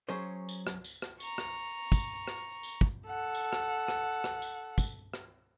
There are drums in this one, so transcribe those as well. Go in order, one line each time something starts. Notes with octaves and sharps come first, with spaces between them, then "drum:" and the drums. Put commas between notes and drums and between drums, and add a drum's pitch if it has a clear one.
F#3 C#4 G#4 C5
drum: tambourine
drum: rim click
drum: tambourine
drum: rim click
A#5 C#6, drum: tambourine
drum: rim click
drum: kick, tambourine
drum: rim click
drum: tambourine
drum: kick
A4 F#5
drum: tambourine
drum: rim click
drum: rim click
drum: rim click
drum: tambourine
drum: kick, tambourine
drum: rim click